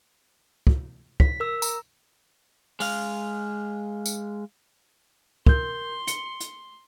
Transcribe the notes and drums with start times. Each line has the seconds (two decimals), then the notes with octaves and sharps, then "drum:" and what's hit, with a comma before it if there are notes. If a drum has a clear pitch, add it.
0.67 drum: kick
1.20 B6, drum: kick
1.40 A#4 E6
1.62 A#5, drum: tambourine
2.80 G#3 F5, drum: open hi-hat
4.06 drum: tambourine
5.47 A#4 C6 G6, drum: kick
6.08 C#7 G7, drum: hi-hat
6.40 drum: hi-hat